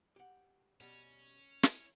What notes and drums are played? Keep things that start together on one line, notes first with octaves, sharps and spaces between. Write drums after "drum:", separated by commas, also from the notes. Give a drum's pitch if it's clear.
G4 F#5
B2 G3 C#4
E4, drum: snare